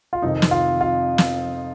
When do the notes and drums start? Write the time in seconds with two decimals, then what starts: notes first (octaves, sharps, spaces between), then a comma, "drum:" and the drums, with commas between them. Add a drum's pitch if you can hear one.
0.13 F4
0.22 F2 C3 D#3 D#4
0.42 drum: snare
0.51 F4
0.81 F4
1.18 drum: snare